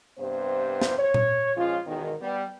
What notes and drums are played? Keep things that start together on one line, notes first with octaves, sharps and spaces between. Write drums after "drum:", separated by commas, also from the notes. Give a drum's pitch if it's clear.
G2 C3 B3 C5
drum: snare
C#5
drum: tom A#2
F3 G#3 C#4 F4
E2 G#2 B2 D#3
G3 B3